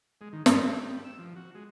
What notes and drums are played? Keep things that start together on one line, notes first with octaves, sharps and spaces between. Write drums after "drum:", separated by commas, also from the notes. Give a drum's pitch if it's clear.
G#3
D#3
G2, drum: snare
G3
G4
E6
F3
F#4
G#3